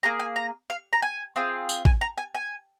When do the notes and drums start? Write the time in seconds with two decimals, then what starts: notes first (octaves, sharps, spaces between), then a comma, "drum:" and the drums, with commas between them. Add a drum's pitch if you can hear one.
0.03 A#3 G#4 A#5
0.19 G#5
0.36 A#5
0.70 F5
0.93 A#5
1.02 G#5
1.36 C4 F4 G#4
1.69 drum: tambourine
1.85 G#5, drum: kick A1
2.01 A#5
2.18 G#5
2.35 G#5